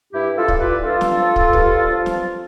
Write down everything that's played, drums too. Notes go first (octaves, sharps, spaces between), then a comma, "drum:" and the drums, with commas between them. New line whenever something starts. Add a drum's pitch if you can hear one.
G2 E4 G4
F4 A4
E3 G3, drum: kick
G4 B4
G2 F4 A4
drum: snare
F3
drum: kick
G2, drum: kick
F3
drum: snare